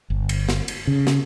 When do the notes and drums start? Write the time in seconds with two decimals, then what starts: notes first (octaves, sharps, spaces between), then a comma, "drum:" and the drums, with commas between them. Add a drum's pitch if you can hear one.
0.10 G1
0.29 drum: cymbal
0.49 drum: snare
0.68 drum: cymbal
0.87 C#3
1.07 drum: snare